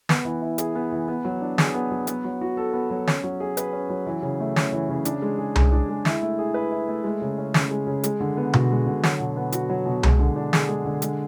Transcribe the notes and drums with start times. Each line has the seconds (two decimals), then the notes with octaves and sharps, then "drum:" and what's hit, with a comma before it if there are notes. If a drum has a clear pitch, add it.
0.09 B3, drum: snare
0.25 E3
0.41 E4
0.58 G#4, drum: hi-hat
0.75 B3
0.92 E3
1.08 B3
1.25 F#3
1.42 D4
1.58 G#4, drum: snare
1.74 B3
1.91 F#3
2.07 B3, drum: hi-hat
2.24 F#3
2.41 F#4
2.57 A4
2.73 B3
2.90 F#3
3.07 C#4, drum: snare
3.24 F#3
3.40 G#4
3.57 B4, drum: hi-hat
3.73 C#4
3.90 F#3
4.07 E3
4.22 C#3
4.40 A3
4.56 C#4, drum: snare
4.73 E3
4.89 C#3
5.05 D4, drum: hi-hat
5.22 G#3
5.38 G#4
5.56 G#3, drum: tom C2
5.72 D4
5.89 G#3
6.05 E4, drum: snare
6.22 A3
6.39 G#4
6.54 B4
6.71 E4
6.89 A3
7.04 G#3
7.22 C#3
7.38 C#4
7.54 C#3, drum: snare
7.71 G#3
7.87 C#3
8.04 G#3, drum: hi-hat
8.20 D3
8.37 B3
8.53 F#4, drum: tom B2
8.71 G#3
8.87 D3
9.03 F#3, drum: snare
9.20 B2
9.36 B3
9.52 F#4, drum: hi-hat
9.70 F#3
9.86 B2
10.03 G#3, drum: tom C2
10.19 D3
10.36 D4
10.53 G#4, drum: snare
10.69 G#3
10.85 D3
11.02 G#3, drum: hi-hat